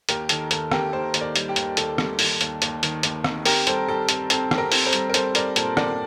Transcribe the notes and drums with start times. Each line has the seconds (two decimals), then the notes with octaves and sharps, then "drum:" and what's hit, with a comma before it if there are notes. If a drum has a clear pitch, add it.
0.09 D#2 G4 A#4, drum: hi-hat
0.29 D#3 A4, drum: hi-hat
0.51 D#2 A4, drum: hi-hat
0.72 D#2 G4 A#4, drum: rim click
0.93 D#2 A4 C5
1.14 D#2, drum: hi-hat
1.21 A#4 D5
1.36 G3, drum: hi-hat
1.49 G4
1.56 D#2, drum: hi-hat
1.77 D#2 A4, drum: hi-hat
1.98 G3, drum: rim click
2.19 D#2, drum: open hi-hat
2.41 D#2, drum: hi-hat
2.62 D#2, drum: hi-hat
2.83 D#3, drum: hi-hat
3.03 D#2, drum: hi-hat
3.24 D#3, drum: rim click
3.45 C4 G4 A#4, drum: open hi-hat
3.67 G3 A4 C5, drum: hi-hat
3.88 G3 A4
4.09 C4 A4, drum: hi-hat
4.30 C4 A4, drum: hi-hat
4.51 C4, drum: rim click
4.58 G4 A#4
4.72 C4, drum: open hi-hat
4.86 A4 C5
4.93 G3, drum: hi-hat
5.09 A#4
5.14 G3 A4 C5, drum: hi-hat
5.35 G3 A#4 D5, drum: hi-hat
5.56 A#2 A4 C5, drum: hi-hat
5.77 C4 A#4 D5, drum: rim click